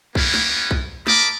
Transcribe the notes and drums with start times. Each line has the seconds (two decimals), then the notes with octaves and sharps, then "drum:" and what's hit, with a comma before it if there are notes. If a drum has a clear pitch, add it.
0.15 G3 A#3 B3 C#4 E4, drum: kick B1
0.34 drum: snare
0.71 drum: kick B1
1.07 A#4 D#5 A5 B5 D6, drum: snare